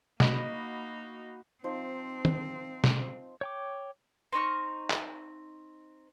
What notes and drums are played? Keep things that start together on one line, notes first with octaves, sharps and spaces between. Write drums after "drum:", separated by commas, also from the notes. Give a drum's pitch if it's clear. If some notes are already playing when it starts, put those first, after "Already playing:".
A#3 D#4 F#4 D#5 B5, drum: snare
F3 C4 D#4 C5
drum: tom
drum: snare
C#5 G5 D6
C4 D#4 C#6 F6
drum: clap